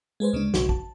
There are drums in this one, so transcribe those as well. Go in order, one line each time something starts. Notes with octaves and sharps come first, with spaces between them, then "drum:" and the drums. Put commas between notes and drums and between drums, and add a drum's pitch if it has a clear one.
G#3 G#4 B4 C5
D2 C#3 G#3 D4
B1 C#3 F#4, drum: snare
A5, drum: kick A1